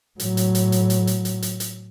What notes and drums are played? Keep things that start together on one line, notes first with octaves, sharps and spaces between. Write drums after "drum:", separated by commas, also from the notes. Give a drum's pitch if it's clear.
A2 F#3, drum: hi-hat
drum: hi-hat
drum: hi-hat
drum: hi-hat
drum: hi-hat
drum: hi-hat
drum: hi-hat
drum: hi-hat
drum: hi-hat